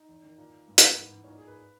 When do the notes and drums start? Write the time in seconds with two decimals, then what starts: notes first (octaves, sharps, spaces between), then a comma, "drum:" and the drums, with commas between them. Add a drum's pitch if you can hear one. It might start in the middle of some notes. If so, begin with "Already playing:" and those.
Already playing: D#4
0.09 E2
0.23 D#3
0.38 A#2
0.68 G2
0.78 A#3, drum: hi-hat
0.83 E3 B3
0.98 G#2
1.13 E3
1.24 C#4
1.28 A#2 D#4
1.38 G#4
1.48 B4